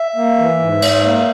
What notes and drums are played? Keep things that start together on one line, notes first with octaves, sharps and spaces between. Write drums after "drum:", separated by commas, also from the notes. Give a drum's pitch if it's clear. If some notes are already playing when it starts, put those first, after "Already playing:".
Already playing: E5
A#3
E3
G#2
G#2, drum: cymbal
A#3